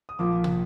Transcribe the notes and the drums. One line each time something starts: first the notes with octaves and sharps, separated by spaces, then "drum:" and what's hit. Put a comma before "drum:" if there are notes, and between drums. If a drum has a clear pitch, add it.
D#6
A#1 A#2 F3 A#3 D6
drum: tom